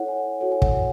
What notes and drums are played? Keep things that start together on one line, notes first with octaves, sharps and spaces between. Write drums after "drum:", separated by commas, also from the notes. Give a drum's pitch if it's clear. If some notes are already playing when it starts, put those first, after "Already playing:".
Already playing: E4 A4 C#5 F#5
G#5
F#4 A4 C#5 F#5
G#5
F#5, drum: kick
F#5